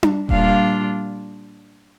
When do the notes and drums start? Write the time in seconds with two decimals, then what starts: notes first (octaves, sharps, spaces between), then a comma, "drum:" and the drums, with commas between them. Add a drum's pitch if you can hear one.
0.03 drum: tom D4
0.29 A#2 G3 D4 F4 F5, drum: kick E1